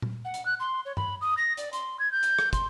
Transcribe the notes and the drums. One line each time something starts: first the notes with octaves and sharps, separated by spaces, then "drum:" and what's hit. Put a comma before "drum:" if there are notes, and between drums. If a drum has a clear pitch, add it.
drum: tom A#2
F#5
drum: hi-hat
F#6
C6
C#5
B5, drum: tom G2
D#6
A#6
D5, drum: hi-hat
C6, drum: hi-hat
G#6
G6
drum: hi-hat
drum: rim click
C6, drum: kick, hi-hat